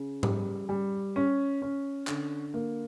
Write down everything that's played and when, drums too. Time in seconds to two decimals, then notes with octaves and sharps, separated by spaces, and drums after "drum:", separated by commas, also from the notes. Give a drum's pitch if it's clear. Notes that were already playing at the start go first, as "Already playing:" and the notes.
Already playing: C#3
0.23 G3, drum: tom G#2
0.69 G3
1.16 C#4
1.62 C#4
2.07 D3, drum: clap
2.54 A#3